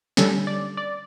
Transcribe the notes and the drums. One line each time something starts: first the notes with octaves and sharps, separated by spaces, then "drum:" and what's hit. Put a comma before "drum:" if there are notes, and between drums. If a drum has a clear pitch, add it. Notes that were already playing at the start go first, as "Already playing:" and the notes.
D3 G3 C#4 A4, drum: snare
D5
D5